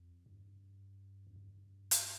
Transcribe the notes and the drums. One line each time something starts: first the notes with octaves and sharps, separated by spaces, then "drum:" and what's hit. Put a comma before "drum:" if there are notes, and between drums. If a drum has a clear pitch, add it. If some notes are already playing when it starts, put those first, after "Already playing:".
Already playing: F2
G2
F2
G2
drum: hi-hat